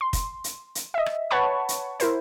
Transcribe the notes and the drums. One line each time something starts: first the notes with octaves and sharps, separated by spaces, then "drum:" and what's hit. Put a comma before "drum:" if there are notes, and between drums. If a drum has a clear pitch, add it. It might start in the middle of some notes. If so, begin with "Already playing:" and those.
C6
drum: kick, hi-hat
drum: hi-hat
drum: hi-hat
D#5 E5
drum: rim click
B4 C#5 F#5 A5 B5 C#6
drum: hi-hat
E4 A#4 C5, drum: hi-hat